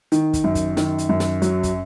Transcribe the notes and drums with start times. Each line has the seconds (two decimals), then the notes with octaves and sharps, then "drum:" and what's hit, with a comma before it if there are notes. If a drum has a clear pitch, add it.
0.12 D#3, drum: hi-hat
0.33 drum: kick, hi-hat
0.44 F#2
0.55 drum: kick, hi-hat
0.77 D#3, drum: snare
0.98 drum: hi-hat
1.09 F#2
1.20 drum: snare
1.42 F#3, drum: hi-hat
1.63 drum: kick, hi-hat